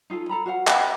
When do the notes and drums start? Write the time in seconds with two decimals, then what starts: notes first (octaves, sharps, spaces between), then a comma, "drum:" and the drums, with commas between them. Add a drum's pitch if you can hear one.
0.10 D#4 F4 G#4 A4
0.29 A4 A#5 B5
0.46 F#4 C5 F5 F#5
0.67 F#5 G5 B5, drum: clap